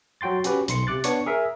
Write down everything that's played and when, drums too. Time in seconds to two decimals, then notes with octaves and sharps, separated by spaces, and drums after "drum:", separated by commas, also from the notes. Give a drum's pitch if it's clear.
0.21 F#3 F#4 G5 C6 A6
0.44 C#4 F#4 G4 B4, drum: hi-hat
0.68 B1 C6 C#7, drum: hi-hat
0.87 C3 D6 F#6 A6
1.04 B3 D4 C#5 C#6 C#7, drum: hi-hat
1.26 G#4 A#4 E5